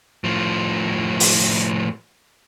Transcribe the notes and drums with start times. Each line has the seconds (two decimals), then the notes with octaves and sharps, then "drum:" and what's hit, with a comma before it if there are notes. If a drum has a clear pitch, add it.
0.24 A2 F3
1.20 drum: open hi-hat